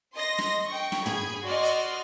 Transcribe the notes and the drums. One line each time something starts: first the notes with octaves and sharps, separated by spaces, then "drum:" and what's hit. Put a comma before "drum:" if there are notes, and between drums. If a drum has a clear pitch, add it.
D#5 C6 A#6
drum: snare
G5 C#6
drum: snare
G#4 B5 G#6, drum: tom
F#4 D5 D#5 C6 F6
drum: hi-hat